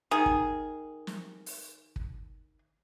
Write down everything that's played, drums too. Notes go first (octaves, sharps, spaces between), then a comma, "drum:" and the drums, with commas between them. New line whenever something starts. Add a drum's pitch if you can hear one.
D#3 G#4
drum: kick
drum: snare
drum: open hi-hat
drum: kick